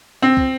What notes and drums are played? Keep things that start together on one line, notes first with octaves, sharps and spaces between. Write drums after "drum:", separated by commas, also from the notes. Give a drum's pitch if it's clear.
C4
drum: kick